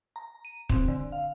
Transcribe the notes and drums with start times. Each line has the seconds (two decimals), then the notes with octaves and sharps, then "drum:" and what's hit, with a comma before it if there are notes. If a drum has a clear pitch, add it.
0.16 A#5
0.45 D#7
0.69 C4, drum: kick
0.88 D3
1.12 F5